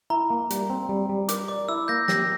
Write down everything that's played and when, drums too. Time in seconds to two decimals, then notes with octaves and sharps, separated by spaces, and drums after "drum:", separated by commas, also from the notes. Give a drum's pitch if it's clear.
0.10 E4 A#5
0.30 A#3
0.50 G3, drum: hi-hat
0.70 C4
0.89 G3
1.09 G3
1.29 A#4 D6, drum: hi-hat
1.48 D5 D6
1.69 E4 E6
1.88 A#3 G6 A#6
2.08 G4 G6 A#6, drum: snare